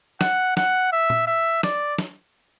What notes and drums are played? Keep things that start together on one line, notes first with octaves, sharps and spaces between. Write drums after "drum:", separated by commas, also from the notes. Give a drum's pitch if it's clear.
F#5, drum: snare
F#5, drum: snare
E5
drum: tom A#2
E5
D5, drum: snare
drum: snare